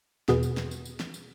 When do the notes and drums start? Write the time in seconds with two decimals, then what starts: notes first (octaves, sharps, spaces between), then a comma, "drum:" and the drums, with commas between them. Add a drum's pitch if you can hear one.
0.28 E2 B2 B3 G#4 B4, drum: snare
0.43 drum: tambourine
0.57 drum: snare
0.71 drum: tambourine
0.85 drum: tambourine
1.00 drum: snare
1.14 drum: tambourine